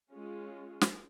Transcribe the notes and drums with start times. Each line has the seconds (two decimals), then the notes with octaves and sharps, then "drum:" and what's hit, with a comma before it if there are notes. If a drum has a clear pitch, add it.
0.12 G#3 C#4 F4
0.81 drum: snare